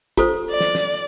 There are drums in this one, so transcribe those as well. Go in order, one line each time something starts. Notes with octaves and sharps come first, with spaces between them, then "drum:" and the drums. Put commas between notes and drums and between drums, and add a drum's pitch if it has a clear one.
F4 A4 C5, drum: kick, hi-hat
D5
drum: snare
drum: snare